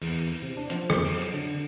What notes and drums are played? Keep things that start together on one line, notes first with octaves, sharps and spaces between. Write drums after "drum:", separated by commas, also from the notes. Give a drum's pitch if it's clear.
E2, drum: open hi-hat
C3
D4
F3, drum: hi-hat
F2, drum: rim click
F3, drum: open hi-hat
F#3
D3